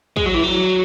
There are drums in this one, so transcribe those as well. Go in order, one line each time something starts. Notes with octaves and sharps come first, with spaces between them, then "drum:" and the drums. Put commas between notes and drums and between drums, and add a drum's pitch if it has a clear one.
G#3, drum: kick
F#3
E3
F#3